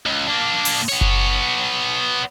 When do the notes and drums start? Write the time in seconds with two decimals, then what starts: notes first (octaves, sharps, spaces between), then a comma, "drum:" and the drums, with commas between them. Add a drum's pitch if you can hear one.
0.06 C#2
0.27 A#3 D4
0.65 drum: open hi-hat
0.89 B3 C#5
1.01 drum: kick F#1